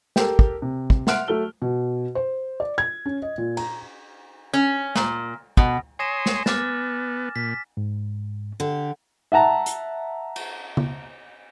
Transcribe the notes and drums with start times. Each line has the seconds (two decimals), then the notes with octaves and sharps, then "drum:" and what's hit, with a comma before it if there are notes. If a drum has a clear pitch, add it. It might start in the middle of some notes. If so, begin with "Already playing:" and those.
0.16 G4 A4 A#4, drum: snare
0.39 drum: kick
0.62 C3
0.90 drum: kick
1.07 E5 F#5 C6 F6 F#6 D7, drum: snare
1.28 F#3 A3 A4 F6 G7
1.62 B2
2.15 C5
2.60 D5
2.78 G#6
3.06 C#4
3.22 D#5
3.38 A#2
3.57 A#5, drum: cymbal
4.53 C#4
4.95 A#2, drum: snare
5.57 B2, drum: kick
5.99 C#5 G#5 C6 D#6 A#6 E7
6.26 drum: snare
6.46 B3 D6 F6 A6, drum: snare
7.36 A#2 B6
7.77 G#2
8.60 D3 G4
9.32 E5 F#5 A5 A#5
9.66 drum: hi-hat
10.36 drum: cymbal
10.77 drum: tom C#3